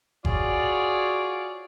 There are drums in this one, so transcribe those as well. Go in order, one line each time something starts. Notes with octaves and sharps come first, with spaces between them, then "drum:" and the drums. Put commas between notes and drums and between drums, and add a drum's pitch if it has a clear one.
F4 F#4 G#4 C#5 D5, drum: kick F#1